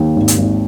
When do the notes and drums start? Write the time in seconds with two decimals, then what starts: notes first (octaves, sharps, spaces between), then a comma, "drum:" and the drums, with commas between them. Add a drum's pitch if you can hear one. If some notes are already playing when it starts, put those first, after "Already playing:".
Already playing: D#2
0.16 G#1
0.28 drum: hi-hat
0.38 G#1